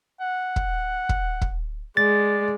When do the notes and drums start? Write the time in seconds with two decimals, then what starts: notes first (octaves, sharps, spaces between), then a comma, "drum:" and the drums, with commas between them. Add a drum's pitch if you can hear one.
0.21 F#5
0.56 drum: kick
1.09 drum: kick
1.41 drum: kick
1.97 G#3 D5 A6